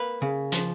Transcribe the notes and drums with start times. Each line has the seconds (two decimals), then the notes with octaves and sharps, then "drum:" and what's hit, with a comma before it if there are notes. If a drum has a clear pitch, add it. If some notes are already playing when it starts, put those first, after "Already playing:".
Already playing: A#3 B4
0.22 C#3
0.52 F3, drum: hi-hat